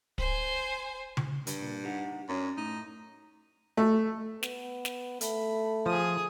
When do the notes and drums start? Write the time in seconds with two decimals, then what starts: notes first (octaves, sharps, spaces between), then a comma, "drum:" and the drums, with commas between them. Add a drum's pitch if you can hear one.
0.18 C5 G#5, drum: kick
1.17 drum: tom C#3
1.47 G2, drum: hi-hat
1.61 A#2
1.84 D#4 G4 F#5
2.29 F#2 C#4 C#5 D5
2.57 A2 D#4
3.77 A3
4.43 B3, drum: snare
4.85 drum: snare
5.21 A3 B5, drum: hi-hat
5.86 F3 G#4 D#6